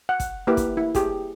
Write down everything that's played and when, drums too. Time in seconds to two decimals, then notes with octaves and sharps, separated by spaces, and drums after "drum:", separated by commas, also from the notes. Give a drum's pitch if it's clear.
0.09 F#5
0.20 drum: kick, hi-hat
0.47 A#3 E4 G4 A#4 B4
0.57 drum: kick, hi-hat
0.77 E4
0.95 G4 G#4, drum: kick, hi-hat